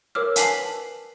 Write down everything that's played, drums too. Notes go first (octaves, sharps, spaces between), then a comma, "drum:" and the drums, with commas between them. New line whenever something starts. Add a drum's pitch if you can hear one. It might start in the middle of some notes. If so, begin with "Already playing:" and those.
A#4 B4 C#5 D6 E6 F6
B4 G#5 A5 B6 C7 F#7, drum: hi-hat